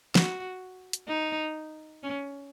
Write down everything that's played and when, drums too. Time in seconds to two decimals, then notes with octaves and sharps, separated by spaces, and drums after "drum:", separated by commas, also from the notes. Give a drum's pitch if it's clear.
0.15 F#4, drum: snare
0.93 drum: hi-hat
1.08 D#4
2.03 C#4